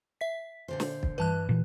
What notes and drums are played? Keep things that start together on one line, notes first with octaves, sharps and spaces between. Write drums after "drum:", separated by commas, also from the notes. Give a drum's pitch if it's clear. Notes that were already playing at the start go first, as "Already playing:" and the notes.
E5 B6
A#2 D3 C5
drum: snare
drum: kick
G2 E3 B4 A5 F#6
A#2 E3